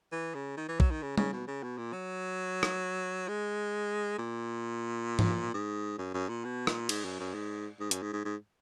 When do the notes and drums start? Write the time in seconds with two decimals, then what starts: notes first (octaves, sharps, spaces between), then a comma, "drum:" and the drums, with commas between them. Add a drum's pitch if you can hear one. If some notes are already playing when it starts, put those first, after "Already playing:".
0.12 E3
0.35 C#3
0.57 D#3
0.69 E3
0.80 F#3, drum: kick
0.91 D#3
1.02 C#3
1.18 C#3, drum: tom G3
1.33 B2
1.48 C#3
1.63 B2
1.78 A#2
1.93 F#3
2.63 drum: rim click
3.28 G#3
4.18 A#2
5.19 drum: tom
5.54 G#2
5.99 F#2
6.14 F#2
6.29 A#2
6.44 B2
6.67 A#2, drum: rim click
6.89 G#2, drum: cymbal
7.05 F#2
7.20 F#2
7.34 G#2
7.80 G#2
7.91 F#2, drum: hi-hat
8.03 G#2
8.13 G#2
8.25 G#2